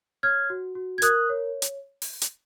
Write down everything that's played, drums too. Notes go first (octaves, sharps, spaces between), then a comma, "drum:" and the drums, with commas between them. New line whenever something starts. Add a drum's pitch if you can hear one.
C#5 F6 G#6
F#4
F#4
G#6
A#4 D#6 F#6, drum: hi-hat
C#5
drum: hi-hat
drum: open hi-hat
drum: hi-hat